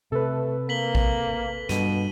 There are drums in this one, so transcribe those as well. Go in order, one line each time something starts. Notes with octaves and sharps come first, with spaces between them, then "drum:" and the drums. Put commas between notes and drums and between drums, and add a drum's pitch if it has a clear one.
C3 A3 A4 B4
A#3 B6 F#7 G7
drum: kick
G2 B2 D#7, drum: snare